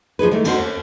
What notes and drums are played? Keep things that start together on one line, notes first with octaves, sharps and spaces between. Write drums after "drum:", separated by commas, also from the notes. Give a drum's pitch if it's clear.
F3 D#4 G#4 B4
D#3 E3 G#3 A3
D2 D#3 D#4 F#4 C5, drum: cymbal
D#2